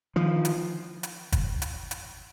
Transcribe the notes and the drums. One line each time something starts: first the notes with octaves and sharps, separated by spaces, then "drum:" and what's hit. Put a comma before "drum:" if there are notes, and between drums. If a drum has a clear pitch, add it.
D#3 F3
drum: hi-hat
drum: hi-hat
drum: kick, hi-hat
drum: hi-hat
drum: hi-hat